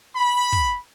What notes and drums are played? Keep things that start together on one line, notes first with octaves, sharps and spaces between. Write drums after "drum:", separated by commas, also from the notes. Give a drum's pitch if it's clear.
B5
drum: kick